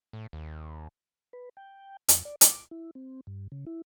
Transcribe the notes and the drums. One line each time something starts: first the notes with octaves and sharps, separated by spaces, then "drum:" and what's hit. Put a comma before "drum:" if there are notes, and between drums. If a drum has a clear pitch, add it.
A2
D#2
B4
G5
F2, drum: hi-hat
D5
D6, drum: hi-hat
E4
C4
G2
C#3
E4